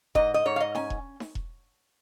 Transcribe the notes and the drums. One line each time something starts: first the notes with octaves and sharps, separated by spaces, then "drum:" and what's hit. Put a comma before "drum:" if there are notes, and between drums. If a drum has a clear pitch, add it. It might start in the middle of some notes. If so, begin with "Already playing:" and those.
G#2 D#5, drum: kick E1
D#5
G#2 C#5
F5
D#5
C#4 G#5, drum: snare D#4
drum: kick E1
drum: snare D#4
drum: kick E1